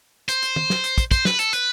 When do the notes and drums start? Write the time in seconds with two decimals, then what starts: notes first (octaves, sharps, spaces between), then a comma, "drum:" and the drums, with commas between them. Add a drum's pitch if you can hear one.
0.29 C5, drum: hi-hat
0.43 drum: hi-hat
0.56 drum: tom
0.70 drum: snare
0.84 drum: hi-hat
0.98 drum: kick, hi-hat
1.11 C5, drum: kick, hi-hat
1.25 B4, drum: snare
1.39 A4, drum: hi-hat
1.53 B4, drum: hi-hat